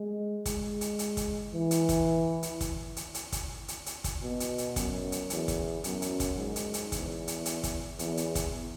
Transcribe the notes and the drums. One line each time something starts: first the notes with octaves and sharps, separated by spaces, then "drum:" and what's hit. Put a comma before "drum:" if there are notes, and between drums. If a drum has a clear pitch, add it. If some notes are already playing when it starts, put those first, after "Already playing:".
Already playing: G#3
G#3, drum: kick, hi-hat
drum: hi-hat
drum: hi-hat
drum: kick, hi-hat
E3
drum: hi-hat
drum: kick, hi-hat
drum: hi-hat
drum: kick, hi-hat
drum: hi-hat
drum: hi-hat
drum: kick, hi-hat
drum: hi-hat
drum: hi-hat
drum: kick, hi-hat
B2
drum: hi-hat
drum: hi-hat
F#2, drum: kick, hi-hat
drum: hi-hat
E2, drum: hi-hat
drum: kick, hi-hat
F#2, drum: hi-hat
drum: hi-hat
drum: kick, hi-hat
G#2
drum: hi-hat
drum: hi-hat
E2, drum: kick, hi-hat
drum: hi-hat
drum: hi-hat
drum: kick, hi-hat
E2, drum: hi-hat
drum: hi-hat
drum: kick, hi-hat